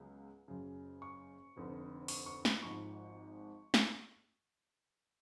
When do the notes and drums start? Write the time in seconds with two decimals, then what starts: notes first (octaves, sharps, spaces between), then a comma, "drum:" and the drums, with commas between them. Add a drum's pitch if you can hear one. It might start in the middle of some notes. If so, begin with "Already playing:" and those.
Already playing: C#2 C#3 F#3 B3
0.48 F#1 F#2 C#3
1.02 C#6
1.56 F1 F2 D3
2.08 C#6, drum: open hi-hat
2.26 C#6
2.45 B5, drum: snare
2.63 G#1 G#2 F3 C#6
3.74 drum: snare